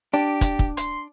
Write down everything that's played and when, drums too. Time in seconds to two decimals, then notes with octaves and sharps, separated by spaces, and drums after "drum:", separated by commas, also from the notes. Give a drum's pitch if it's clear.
0.14 D4 G4
0.41 drum: kick, hi-hat
0.59 drum: kick
0.77 C6, drum: hi-hat